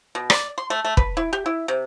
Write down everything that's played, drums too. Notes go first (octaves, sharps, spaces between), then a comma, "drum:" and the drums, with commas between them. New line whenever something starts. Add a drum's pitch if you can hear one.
B2
D5, drum: rim click
C6
A3
A3
B4, drum: kick
E4
G4
E4
C3